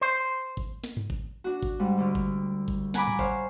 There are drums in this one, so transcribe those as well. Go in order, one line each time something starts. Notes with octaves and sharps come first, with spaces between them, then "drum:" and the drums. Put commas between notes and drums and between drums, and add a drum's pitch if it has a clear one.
C5
drum: kick
drum: snare
drum: tom G2
drum: kick
D4 F#4
drum: kick
G#2 G3
D2 D3 F6
drum: kick
drum: kick
F#5 G#5 A#5 B5 D6, drum: snare
drum: tom G#2
C5 C#5 F5, drum: kick